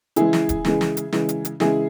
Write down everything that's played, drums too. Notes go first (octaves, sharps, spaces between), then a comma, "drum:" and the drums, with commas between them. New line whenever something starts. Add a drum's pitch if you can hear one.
C#3 E3 G#3 E4 G#4, drum: hi-hat
drum: snare
drum: kick D1, hi-hat
C#3 E3 G#3, drum: snare
drum: snare
drum: hi-hat
C#3 E3 G#3, drum: snare
drum: hi-hat
drum: hi-hat
C#3 E3 G#3 E4 G#4, drum: snare